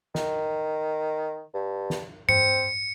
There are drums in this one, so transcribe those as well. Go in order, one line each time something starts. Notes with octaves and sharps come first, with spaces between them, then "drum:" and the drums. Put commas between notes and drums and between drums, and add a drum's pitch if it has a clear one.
D#3, drum: snare
G2
drum: snare
C4 C#7, drum: tom G2